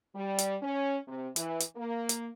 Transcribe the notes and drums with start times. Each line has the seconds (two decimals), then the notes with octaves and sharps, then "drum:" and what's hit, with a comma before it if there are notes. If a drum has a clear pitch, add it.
0.16 G3
0.38 drum: hi-hat
0.62 C#4
1.07 C3
1.36 E3, drum: hi-hat
1.60 drum: hi-hat
1.76 A#3
2.09 drum: hi-hat